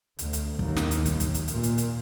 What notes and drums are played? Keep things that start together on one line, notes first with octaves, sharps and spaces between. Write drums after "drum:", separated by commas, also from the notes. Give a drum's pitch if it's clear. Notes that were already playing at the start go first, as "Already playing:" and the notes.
D2, drum: hi-hat
drum: hi-hat
D#2, drum: kick
drum: snare
drum: hi-hat
drum: kick, hi-hat
drum: kick, hi-hat
drum: hi-hat
A#2, drum: hi-hat
drum: hi-hat
drum: hi-hat